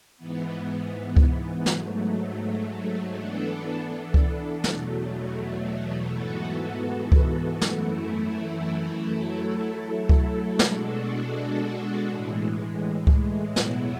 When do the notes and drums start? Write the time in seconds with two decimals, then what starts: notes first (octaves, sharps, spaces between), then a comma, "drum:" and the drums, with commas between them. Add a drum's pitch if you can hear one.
0.17 G#2 E3 B3
1.17 drum: kick C#2
1.66 G#2 F#3 A3, drum: snare
3.14 E3 B3 D4 A4
4.14 drum: kick C#2
4.64 E2 B2 F#3 A3, drum: snare
6.13 G#2 E3 B3 F#4 A4
7.12 drum: kick C#2
7.61 F#2 E3 A3 E4, drum: snare
9.10 F#3 A3 E4 A4
10.09 drum: kick C#2
10.59 B2 G#3 D4 F#4 A4, drum: snare
12.08 A2 E3 G#3
13.07 drum: kick C#2
13.56 E2 B2 F#3 B3 E4, drum: snare